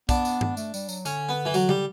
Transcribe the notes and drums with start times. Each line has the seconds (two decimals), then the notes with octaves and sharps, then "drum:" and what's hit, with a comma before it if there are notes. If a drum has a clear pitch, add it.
0.09 B3 D4, drum: kick, tambourine
0.25 drum: tambourine
0.41 drum: tom G2
0.57 A3, drum: tambourine
0.74 G3, drum: tambourine
0.89 F#3, drum: tambourine
1.05 D3 C#4, drum: tambourine
1.29 B3
1.45 E3
1.54 F#3, drum: tambourine
1.69 G3, drum: tom C#3